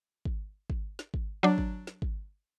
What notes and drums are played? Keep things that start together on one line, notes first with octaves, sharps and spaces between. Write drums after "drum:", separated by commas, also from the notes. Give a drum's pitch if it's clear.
drum: kick G#1
drum: kick G#1
drum: snare
drum: kick G#1
F#3 D4
drum: kick G#1
drum: snare
drum: kick G#1